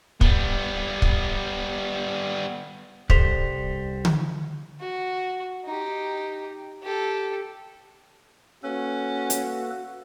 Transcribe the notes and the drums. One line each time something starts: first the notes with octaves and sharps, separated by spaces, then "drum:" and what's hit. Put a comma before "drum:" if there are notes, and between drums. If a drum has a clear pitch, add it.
G3 B3, drum: kick
drum: kick
C2 G3 A4 C5 B6 F7, drum: kick
drum: tom D3
F#4
D#4 G4
G4 A4
A#3 C#4 F#4 A4 B4
drum: hi-hat